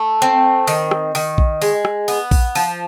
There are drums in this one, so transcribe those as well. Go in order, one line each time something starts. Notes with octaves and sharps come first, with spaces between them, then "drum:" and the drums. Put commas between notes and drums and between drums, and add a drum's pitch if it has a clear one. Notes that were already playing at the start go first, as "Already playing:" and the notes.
Already playing: A3
C4
D#3, drum: open hi-hat
drum: rim click
D#3, drum: open hi-hat
drum: kick A#1
G#3, drum: open hi-hat
drum: rim click
B3, drum: open hi-hat
drum: kick A#1, open hi-hat
F3, drum: open hi-hat